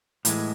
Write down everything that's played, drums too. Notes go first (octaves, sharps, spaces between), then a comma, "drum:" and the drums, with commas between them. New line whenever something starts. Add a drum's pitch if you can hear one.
A2 E3 G#3, drum: hi-hat